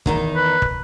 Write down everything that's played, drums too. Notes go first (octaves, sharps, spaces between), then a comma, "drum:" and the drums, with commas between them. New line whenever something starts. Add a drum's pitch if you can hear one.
E2 D#3 D#4, drum: kick
B4
drum: kick